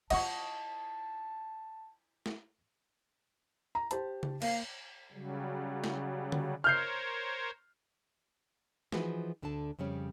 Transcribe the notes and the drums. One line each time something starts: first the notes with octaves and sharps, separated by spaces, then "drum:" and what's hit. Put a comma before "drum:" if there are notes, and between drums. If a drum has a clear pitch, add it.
E4 F4 D#5 F#5 A5 C#6, drum: cymbal
drum: snare
A#5
G4 C5 A5, drum: hi-hat
drum: tom C#3
A#3 F5, drum: cymbal
C#3 F#3 G3
drum: snare
drum: tom D3
A#4 C5 C#5 F6 G6 C7
E3 F3 D#4 F#4 G#4 B4, drum: snare
D2 D3 D4 A4 A5
F2 C#3 G3 C#4